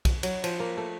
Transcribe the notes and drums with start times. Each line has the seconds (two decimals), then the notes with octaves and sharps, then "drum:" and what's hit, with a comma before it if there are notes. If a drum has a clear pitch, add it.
0.05 drum: kick B1, cymbal
0.23 F#3, drum: cymbal
0.44 F3, drum: cymbal
0.60 A#3
0.77 A3